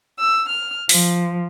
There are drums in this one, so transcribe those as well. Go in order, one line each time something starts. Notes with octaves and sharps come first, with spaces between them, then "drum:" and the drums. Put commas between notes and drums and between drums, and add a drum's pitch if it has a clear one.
E6
F6
F3, drum: open hi-hat